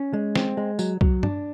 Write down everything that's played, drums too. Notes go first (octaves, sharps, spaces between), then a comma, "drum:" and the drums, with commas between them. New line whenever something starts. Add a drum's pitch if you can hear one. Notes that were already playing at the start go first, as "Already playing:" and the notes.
Already playing: C#4
G#3
C4, drum: snare
G#3
F#3, drum: tambourine
F#3, drum: kick
D4, drum: tom G2